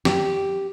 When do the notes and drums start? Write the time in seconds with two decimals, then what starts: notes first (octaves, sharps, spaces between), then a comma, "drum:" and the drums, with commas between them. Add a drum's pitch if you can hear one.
0.05 G4, drum: snare